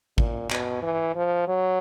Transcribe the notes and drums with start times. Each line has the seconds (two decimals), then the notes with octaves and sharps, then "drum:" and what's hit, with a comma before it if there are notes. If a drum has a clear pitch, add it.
0.18 A#2, drum: kick
0.51 B2, drum: clap
0.83 E3
1.15 F3
1.48 F#3